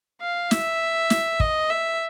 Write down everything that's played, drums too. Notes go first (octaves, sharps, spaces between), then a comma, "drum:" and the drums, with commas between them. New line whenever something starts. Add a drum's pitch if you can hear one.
F5
E5, drum: snare
drum: snare
D#5, drum: kick
E5